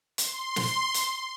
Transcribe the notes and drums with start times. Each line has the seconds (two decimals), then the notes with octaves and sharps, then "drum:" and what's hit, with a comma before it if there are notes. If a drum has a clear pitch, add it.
0.18 C6, drum: hi-hat
0.56 drum: snare
0.94 drum: hi-hat